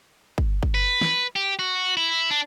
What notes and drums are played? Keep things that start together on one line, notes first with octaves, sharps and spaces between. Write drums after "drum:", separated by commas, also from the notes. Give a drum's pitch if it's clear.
drum: kick
drum: kick
B4
drum: snare
G4
F#4
E4
D4